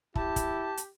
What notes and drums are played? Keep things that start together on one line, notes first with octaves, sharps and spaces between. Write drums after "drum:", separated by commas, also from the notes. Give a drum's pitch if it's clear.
E4 G4 A5, drum: kick
drum: kick, hi-hat
drum: hi-hat